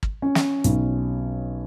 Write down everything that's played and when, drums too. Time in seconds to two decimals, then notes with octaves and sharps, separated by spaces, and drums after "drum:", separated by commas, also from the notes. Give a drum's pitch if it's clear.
0.03 drum: kick
0.22 C#4
0.35 drum: snare
0.64 B1, drum: hi-hat